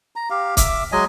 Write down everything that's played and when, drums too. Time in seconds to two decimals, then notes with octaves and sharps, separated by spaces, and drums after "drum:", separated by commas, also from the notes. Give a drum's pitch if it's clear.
0.16 A#5
0.30 G4 F5
0.57 E5 D6, drum: kick C#1, hi-hat
0.92 F#3 G#3 D#5 G#5